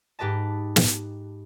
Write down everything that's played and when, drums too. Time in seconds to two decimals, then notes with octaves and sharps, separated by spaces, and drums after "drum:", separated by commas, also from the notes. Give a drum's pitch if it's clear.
0.19 G#2 G4 B4 D#5 A5
0.76 drum: snare